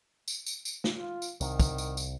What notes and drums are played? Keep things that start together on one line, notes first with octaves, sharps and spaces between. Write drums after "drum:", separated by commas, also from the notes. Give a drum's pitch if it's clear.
drum: tambourine
drum: tambourine
drum: tambourine
drum: snare
F4
drum: tambourine
C2 D#3, drum: tambourine
drum: kick, tambourine
drum: tambourine
drum: tambourine